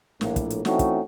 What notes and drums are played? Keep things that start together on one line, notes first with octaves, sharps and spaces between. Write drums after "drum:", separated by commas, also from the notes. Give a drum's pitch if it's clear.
A#1 A2 A#3, drum: snare
drum: kick, hi-hat
drum: hi-hat
E3 A3 C4 C#4 D#4 F#4, drum: snare
drum: kick, hi-hat